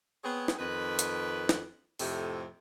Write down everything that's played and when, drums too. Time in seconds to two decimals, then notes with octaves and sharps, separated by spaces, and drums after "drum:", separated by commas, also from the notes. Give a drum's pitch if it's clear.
0.23 B3 C4 G#4 C#5
0.48 drum: snare
0.58 F2 D#3 B4
0.99 drum: hi-hat
1.49 drum: snare
1.99 F2 A2 C3, drum: open hi-hat